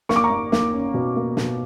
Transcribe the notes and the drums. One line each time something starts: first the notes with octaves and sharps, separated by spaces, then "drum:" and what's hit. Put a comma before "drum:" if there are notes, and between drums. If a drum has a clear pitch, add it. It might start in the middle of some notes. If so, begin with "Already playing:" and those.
A#3 C#6, drum: snare
D6
A#5 C#6
A#3
A#3, drum: snare
C#4
B2
A#3
B2, drum: snare